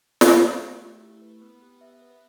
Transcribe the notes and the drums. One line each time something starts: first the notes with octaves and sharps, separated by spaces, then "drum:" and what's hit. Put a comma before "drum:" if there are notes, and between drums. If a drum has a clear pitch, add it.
A3 A4, drum: snare
F#4
E5
A3 G4
E4
B4
B3 B4
G4
E5
B4